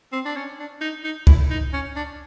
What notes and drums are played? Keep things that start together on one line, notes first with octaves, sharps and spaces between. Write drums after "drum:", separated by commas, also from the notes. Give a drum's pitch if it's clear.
C4
D4
C#4
D4
D#4
D#4
E4, drum: kick C#2
D#4
C#4
D4